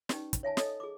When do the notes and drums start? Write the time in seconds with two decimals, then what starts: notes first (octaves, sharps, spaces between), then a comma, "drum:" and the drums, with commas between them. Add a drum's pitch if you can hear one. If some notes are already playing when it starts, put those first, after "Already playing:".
0.09 C#4 D#4 G4 B4 D5, drum: snare
0.33 drum: kick, hi-hat
0.43 C#5 E5 G#5 A5
0.57 A4 C#5 D#5 G#5 D#6, drum: snare
0.80 G#4 D6